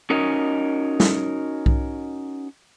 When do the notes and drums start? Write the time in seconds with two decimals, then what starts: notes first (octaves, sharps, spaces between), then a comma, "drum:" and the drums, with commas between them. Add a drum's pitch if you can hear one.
0.10 C#4 D#4 F#4 A#4 C#5 D#5
1.00 drum: snare
1.66 drum: kick B1